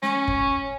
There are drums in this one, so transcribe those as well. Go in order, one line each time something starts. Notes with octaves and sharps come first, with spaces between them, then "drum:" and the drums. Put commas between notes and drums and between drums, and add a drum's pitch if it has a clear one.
C#4, drum: snare
drum: kick F#1